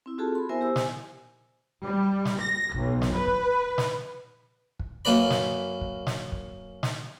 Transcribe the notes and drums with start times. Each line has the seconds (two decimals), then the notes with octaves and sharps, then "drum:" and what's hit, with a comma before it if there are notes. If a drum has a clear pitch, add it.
0.06 C4 E4
0.18 C4 F4 F#4 G#4 A4 A5
0.35 B5 C6
0.49 B3 E4 A#4 C5 E5 G#5
0.61 G4 C5 E6
0.76 G#5, drum: snare
1.83 G3
2.25 drum: snare
2.39 A#6
2.74 B1, drum: kick
3.02 drum: snare
3.14 B4
3.27 drum: kick
3.78 drum: snare
4.79 drum: kick
5.05 F#2 A#3 B4 D5 B5
5.30 drum: snare
5.81 drum: kick
6.07 drum: snare
6.32 drum: kick
6.83 drum: snare